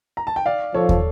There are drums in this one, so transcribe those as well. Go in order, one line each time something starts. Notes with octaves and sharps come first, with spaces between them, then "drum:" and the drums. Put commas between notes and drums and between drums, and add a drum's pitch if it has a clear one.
A#5
A5
G5
D5 F5
F3 A4 C#5
drum: kick